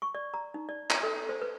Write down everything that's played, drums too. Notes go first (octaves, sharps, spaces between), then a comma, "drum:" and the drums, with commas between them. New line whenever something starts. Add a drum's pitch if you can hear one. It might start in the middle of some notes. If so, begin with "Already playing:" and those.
C#6
D5
A#5
D#4
D5
A#5, drum: clap
A4
C5
B4